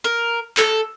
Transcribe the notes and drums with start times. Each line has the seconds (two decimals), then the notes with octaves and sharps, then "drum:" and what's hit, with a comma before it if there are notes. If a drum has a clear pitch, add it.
0.04 A#4
0.57 A4, drum: clap